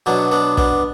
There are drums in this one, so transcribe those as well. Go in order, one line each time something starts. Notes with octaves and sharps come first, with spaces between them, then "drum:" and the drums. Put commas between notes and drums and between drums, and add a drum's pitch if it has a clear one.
B2 F#3 B3 D4
B3 D4
B3 D4, drum: kick